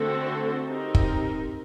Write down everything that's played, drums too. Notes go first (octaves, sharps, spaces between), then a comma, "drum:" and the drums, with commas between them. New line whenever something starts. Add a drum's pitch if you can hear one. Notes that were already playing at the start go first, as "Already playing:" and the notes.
Already playing: D3 A3 C4 F#4 A4
C4 D#4 G4 A#4
drum: kick